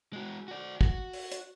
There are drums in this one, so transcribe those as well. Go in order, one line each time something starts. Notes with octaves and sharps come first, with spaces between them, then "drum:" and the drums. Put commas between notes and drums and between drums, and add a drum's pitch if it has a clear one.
G#3 F#4
F#4 D5
F#4, drum: kick
drum: open hi-hat
drum: hi-hat